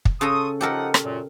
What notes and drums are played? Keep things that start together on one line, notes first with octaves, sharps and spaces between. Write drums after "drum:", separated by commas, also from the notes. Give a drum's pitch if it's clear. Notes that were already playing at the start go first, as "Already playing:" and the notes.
drum: kick
C#3 A4 A#5 C6 C#6 D#6
F3 D#4 G4 A4 A#4 F#5
drum: rim click
F#2 A#2